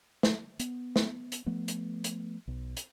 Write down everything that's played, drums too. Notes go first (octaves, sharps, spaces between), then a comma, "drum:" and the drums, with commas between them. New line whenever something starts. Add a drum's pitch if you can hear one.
drum: snare
B3, drum: hi-hat
drum: snare
drum: hi-hat
F3 A3 B3
drum: hi-hat
drum: hi-hat
B1
drum: hi-hat